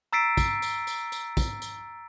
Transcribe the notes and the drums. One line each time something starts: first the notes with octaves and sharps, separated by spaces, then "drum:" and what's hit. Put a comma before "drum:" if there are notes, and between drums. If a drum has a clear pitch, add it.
A#5 E6 A6 B6 C7 D7
drum: kick, tambourine
drum: tambourine
drum: tambourine
drum: tambourine
drum: kick, tambourine
drum: tambourine